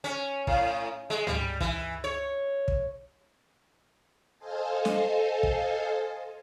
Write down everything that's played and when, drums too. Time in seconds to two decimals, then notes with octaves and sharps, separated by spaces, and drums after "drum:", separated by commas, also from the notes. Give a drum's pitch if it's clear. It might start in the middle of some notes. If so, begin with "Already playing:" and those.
0.04 C#4
0.47 A2, drum: kick
1.10 G#3
1.27 G3, drum: tom
1.61 E3, drum: kick
2.04 C#5
2.68 drum: kick
4.39 A4 C5 D#5 F5 G#5 A5
4.85 drum: snare
5.43 drum: kick